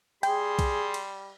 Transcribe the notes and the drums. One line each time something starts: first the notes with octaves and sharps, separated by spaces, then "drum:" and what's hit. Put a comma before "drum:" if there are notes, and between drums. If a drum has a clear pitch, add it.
G3 G#4 G5 C6, drum: cymbal
drum: kick B1, cymbal
drum: cymbal